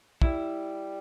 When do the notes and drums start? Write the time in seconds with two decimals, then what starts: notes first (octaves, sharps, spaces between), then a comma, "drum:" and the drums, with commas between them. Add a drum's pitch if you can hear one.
0.22 G3 E4, drum: kick